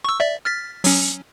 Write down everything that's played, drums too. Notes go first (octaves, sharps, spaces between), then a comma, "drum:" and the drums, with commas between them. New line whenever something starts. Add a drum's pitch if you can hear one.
C#6 E6
D5 E5
F6 A6 B6
F#3 C#4, drum: open hi-hat